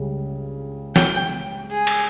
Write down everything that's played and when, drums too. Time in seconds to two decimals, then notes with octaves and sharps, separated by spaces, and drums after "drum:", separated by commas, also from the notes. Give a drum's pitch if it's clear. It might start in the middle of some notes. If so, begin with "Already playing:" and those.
Already playing: C#2 C#3 G3
0.96 G5, drum: snare
1.71 G#4
1.87 drum: cymbal